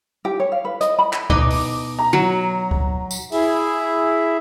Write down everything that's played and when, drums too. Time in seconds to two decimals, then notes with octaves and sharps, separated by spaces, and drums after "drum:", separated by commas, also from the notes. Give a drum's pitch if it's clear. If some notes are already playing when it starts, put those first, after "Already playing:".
0.25 G4
0.40 C#5
0.52 F5
0.65 B4
0.81 D#5, drum: hi-hat
0.99 B5
1.13 drum: clap
1.30 B2 D#4 D#5 D6, drum: kick C#2
1.50 drum: open hi-hat
1.99 A#5
2.13 F#3
2.71 drum: kick C#2
3.11 drum: tambourine
3.32 E4 G#4 E5, drum: open hi-hat